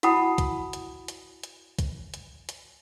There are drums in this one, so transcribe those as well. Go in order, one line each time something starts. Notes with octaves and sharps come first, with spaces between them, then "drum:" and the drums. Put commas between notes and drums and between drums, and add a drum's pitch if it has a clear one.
E4 F#4 F#5 A5 B5 D#6, drum: hi-hat
drum: kick, hi-hat
drum: hi-hat
drum: hi-hat
drum: hi-hat
drum: kick, hi-hat
drum: hi-hat
drum: hi-hat